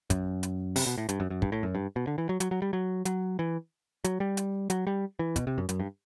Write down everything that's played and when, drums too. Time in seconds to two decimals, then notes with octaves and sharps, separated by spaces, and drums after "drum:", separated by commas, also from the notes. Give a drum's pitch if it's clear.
0.10 F#2, drum: kick, hi-hat
0.43 drum: hi-hat
0.76 C3, drum: open hi-hat
0.87 B2
0.98 A2
1.09 G2, drum: hi-hat
1.20 F#2
1.30 F#2
1.42 G2, drum: kick
1.52 A2
1.63 F#2
1.75 G2
1.96 B2
2.07 D3
2.18 E3
2.29 F#3
2.40 F#3, drum: hi-hat
2.51 F#3
2.62 G3
2.73 F#3
3.05 F#3, drum: hi-hat
3.39 E3
4.04 F#3, drum: hi-hat
4.20 G3
4.37 drum: hi-hat
4.70 F#3, drum: hi-hat
4.87 G3
5.19 E3
5.36 B2, drum: kick, hi-hat
5.47 C3
5.58 F#2
5.69 F#2, drum: hi-hat
5.80 G2